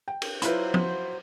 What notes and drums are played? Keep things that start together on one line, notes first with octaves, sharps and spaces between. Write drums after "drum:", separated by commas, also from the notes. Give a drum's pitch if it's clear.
G5
drum: cymbal
F#3 E4 F4 B4 C5, drum: hi-hat
drum: tom F3